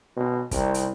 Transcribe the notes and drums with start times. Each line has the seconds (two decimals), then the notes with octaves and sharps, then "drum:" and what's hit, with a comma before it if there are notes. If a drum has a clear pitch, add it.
0.17 B2
0.51 C2, drum: kick, hi-hat
0.74 drum: hi-hat